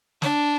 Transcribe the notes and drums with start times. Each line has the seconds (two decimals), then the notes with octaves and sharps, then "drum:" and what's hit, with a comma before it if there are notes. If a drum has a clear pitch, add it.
0.22 D4, drum: snare